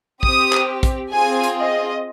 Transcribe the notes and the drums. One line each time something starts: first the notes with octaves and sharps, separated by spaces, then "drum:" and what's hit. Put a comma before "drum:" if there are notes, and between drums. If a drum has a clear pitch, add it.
C4 G4 D#6, drum: kick
drum: clap
drum: kick, hi-hat
C4 F4 G#4 G#5
drum: hi-hat
D#5